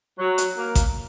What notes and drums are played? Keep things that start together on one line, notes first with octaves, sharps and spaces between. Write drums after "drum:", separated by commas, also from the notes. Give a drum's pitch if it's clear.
F#3
drum: hi-hat
A#3
drum: kick A1, hi-hat